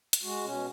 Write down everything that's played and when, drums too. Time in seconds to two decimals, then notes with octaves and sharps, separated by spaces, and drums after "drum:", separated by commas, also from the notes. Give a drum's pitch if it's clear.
0.13 drum: hi-hat
0.23 G#3 F#4
0.44 B2 C#4